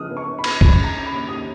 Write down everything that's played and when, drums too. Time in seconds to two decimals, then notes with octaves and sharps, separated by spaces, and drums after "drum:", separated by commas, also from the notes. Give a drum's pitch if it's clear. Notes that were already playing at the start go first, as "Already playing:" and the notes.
Already playing: C#3 F3 B3 D#6 F6 F#6
0.10 B3
0.17 C#6
0.27 B3
0.39 B5
0.44 B3, drum: cymbal
0.61 C#4 B5, drum: kick
0.78 G#3
0.84 A#5
0.95 C#4
1.06 B5
1.12 D#2
1.28 D#2 D#6